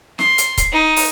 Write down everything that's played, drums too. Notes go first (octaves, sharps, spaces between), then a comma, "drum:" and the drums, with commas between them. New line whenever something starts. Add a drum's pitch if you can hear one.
C6, drum: snare
drum: hi-hat
drum: kick C#1, hi-hat
D#4
drum: open hi-hat